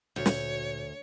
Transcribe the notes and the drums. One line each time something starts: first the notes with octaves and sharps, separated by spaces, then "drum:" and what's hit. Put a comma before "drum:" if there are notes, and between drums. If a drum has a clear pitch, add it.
D2 A#2 F#4 C#5 G6
drum: snare